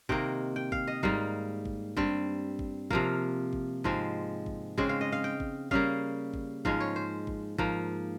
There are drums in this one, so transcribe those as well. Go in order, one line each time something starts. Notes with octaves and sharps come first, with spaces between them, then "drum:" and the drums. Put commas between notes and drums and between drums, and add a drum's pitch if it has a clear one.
C3 D#3 A#3 G5, drum: kick G1
G5
F5, drum: kick G1
D#5
G#2 G3 A#3 F5, drum: kick G1
drum: kick G1
G2 G3 C4, drum: kick G1
drum: kick G1
C3 F3 A#3 F5, drum: kick G1
drum: kick G1
G#2 F3 G#3 C4, drum: kick G1
drum: kick G1
C#3 G#3 C4, drum: kick G1
F5
D#5
F5
G5
drum: kick G1
C#3 G3 A#3 F5, drum: kick G1
drum: kick G1
G#2 F3 G#3 F5, drum: kick G1
C#5
C5
drum: kick G1
G#2 F3 A#3, drum: kick G1